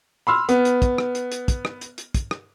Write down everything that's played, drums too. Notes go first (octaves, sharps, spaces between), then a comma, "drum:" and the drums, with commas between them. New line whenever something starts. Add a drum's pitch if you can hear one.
B5 C6 E6 F6
B3, drum: hi-hat
drum: hi-hat
drum: kick, hi-hat
drum: rim click
drum: hi-hat
drum: hi-hat
drum: kick, hi-hat
drum: rim click
drum: hi-hat
drum: hi-hat
drum: kick, hi-hat
drum: rim click